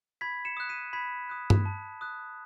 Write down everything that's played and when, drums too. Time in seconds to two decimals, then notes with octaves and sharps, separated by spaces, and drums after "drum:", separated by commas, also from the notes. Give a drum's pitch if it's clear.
0.21 B5 G#6 B6
0.45 C#7 E7
0.57 D#6 F#6
0.69 B6 D#7
0.93 B5 G#6 B6
1.29 D#6 F#6
1.50 drum: tom G2
1.65 A5
2.01 D#6 F#6